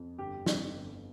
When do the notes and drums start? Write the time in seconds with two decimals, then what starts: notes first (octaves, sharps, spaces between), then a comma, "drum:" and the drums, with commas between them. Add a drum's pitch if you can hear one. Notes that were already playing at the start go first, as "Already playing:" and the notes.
Already playing: F2
0.18 G1 G4
0.46 F2, drum: snare
0.74 G1